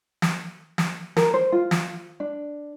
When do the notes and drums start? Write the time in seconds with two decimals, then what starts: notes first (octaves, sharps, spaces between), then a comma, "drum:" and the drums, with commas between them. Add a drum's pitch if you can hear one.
0.22 drum: snare
0.78 drum: snare
1.17 A#4, drum: snare
1.34 C5
1.52 F4
1.71 drum: snare
2.20 D4